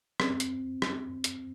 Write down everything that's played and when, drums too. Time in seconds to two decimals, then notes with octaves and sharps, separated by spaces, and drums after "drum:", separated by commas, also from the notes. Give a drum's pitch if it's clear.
0.20 C4, drum: rim click
0.40 drum: hi-hat
0.82 drum: rim click
1.24 drum: hi-hat